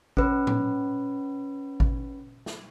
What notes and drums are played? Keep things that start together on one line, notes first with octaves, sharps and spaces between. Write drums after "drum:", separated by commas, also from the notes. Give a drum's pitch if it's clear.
C#4 B4, drum: kick G#1
drum: tom A2
drum: kick G#1
drum: snare